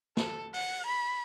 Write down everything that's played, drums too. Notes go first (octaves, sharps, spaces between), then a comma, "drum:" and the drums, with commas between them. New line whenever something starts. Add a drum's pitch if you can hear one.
A4, drum: snare
F#5, drum: open hi-hat
B5